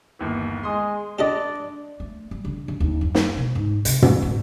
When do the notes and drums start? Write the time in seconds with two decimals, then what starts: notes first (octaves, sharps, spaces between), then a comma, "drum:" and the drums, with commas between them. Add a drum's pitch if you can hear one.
0.19 G1 D#2 E3
0.63 G#3 C6 D#6
1.19 D4 G4 A4 D5 D#5
2.00 A3
2.31 G3
2.45 D3
2.68 D3
2.80 D#2
3.01 F#2
3.15 drum: snare
3.37 B2
3.55 G#2
3.85 C3, drum: hi-hat
4.02 E2, drum: tom
4.22 F4